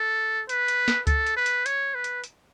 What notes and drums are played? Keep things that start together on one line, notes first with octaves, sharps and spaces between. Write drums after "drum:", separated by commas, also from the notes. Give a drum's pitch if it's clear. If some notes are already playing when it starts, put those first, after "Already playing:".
Already playing: A4
B4, drum: hi-hat
drum: hi-hat
drum: snare
A4, drum: kick C#2, hi-hat
drum: hi-hat
B4
drum: hi-hat
C#5, drum: hi-hat
B4
drum: hi-hat
drum: hi-hat